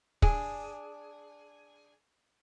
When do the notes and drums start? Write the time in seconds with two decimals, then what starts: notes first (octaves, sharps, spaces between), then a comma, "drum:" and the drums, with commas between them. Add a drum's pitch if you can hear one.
0.22 D4 G#4, drum: kick